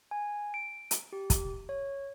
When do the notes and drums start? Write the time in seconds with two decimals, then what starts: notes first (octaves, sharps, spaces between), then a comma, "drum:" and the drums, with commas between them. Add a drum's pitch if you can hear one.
0.11 G#5
0.54 D7
0.91 drum: hi-hat
1.13 G4
1.30 drum: kick, hi-hat
1.69 C#5